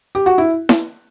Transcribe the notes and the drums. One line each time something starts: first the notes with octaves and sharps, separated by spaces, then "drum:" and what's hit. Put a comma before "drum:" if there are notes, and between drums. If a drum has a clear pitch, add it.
G4
F#4
E4
drum: snare E4